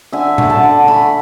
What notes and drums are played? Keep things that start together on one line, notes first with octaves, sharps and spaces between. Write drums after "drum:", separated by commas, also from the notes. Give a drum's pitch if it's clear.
D3 E5 G#5
A3, drum: tom A#2
F#5 A5
D3
A3 G#5 B5